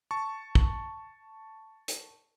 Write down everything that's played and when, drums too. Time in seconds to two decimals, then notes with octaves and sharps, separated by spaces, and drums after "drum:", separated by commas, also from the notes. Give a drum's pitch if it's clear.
0.11 A5 C#6
0.55 drum: kick
1.88 drum: hi-hat